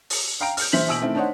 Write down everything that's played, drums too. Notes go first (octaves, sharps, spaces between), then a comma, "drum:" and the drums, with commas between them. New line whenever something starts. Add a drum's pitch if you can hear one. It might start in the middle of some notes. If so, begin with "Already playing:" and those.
drum: open hi-hat
F5 G5 A#5 D7
F6 G6, drum: open hi-hat
A#1 E3 E4 C5 B6 F#7
B2 G#5 E6 D7 F#7
D#3 A3 C4 E4
D4 D#4 C5 C#5 F#5